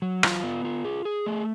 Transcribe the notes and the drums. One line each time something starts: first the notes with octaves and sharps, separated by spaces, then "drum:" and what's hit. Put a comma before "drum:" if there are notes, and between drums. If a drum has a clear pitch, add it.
F#3
F4, drum: rim click
B3
F4
G#4
G#4
A3